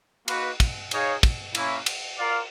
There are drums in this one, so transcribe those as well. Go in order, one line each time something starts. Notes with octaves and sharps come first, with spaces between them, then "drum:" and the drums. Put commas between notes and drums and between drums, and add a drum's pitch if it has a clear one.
A#3 D#4 F#4 B4, drum: cymbal
drum: kick, cymbal
D#4 G#4 C#5 F5, drum: cymbal
drum: kick, cymbal
A#3 C#4 E4, drum: cymbal
drum: cymbal
F4 A#4 D5 F5